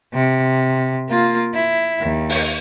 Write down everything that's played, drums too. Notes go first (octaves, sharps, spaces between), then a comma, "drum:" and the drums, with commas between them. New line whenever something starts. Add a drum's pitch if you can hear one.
C3
A#3 F4
E4
D#2
drum: open hi-hat